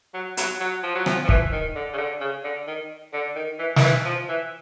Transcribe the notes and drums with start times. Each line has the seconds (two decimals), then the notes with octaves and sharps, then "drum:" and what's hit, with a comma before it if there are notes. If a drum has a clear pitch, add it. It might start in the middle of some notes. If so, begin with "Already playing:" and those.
0.14 F#3
0.37 F#3, drum: hi-hat
0.60 F#3
0.83 F3
0.95 F#3
1.06 F3, drum: rim click
1.24 F3
1.29 E3, drum: kick
1.52 D#3
1.75 D3
1.93 C#3
1.98 D3
2.21 C#3
2.44 D3
2.67 D#3
3.13 D3
3.36 D#3
3.59 E3
3.76 D#3, drum: snare
3.82 E3
4.05 F3
4.28 E3